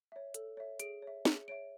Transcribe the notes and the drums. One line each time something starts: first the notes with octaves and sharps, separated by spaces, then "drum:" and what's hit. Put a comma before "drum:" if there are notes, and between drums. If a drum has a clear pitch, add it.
C#5 E5
A4, drum: hi-hat
C#5 E5
G#4 D7, drum: hi-hat
C#5
E5
G#4 C#7, drum: snare
C#5 E5 D7